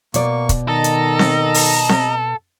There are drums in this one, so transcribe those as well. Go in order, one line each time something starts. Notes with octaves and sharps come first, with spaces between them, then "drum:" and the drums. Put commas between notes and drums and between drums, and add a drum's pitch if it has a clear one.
B2 A#3 D5 C#6, drum: hi-hat
drum: kick, hi-hat
D#3 A4 D#5 A#5
drum: hi-hat
drum: snare C4
drum: open hi-hat
drum: snare C4